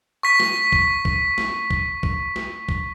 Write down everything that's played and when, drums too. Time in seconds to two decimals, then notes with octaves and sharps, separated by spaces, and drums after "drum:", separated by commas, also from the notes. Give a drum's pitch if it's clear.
0.23 C#6 B6
0.40 drum: snare
0.72 drum: kick B1
1.05 drum: kick B1
1.38 drum: snare
1.70 drum: kick B1
2.03 drum: kick B1
2.36 drum: snare
2.69 drum: kick B1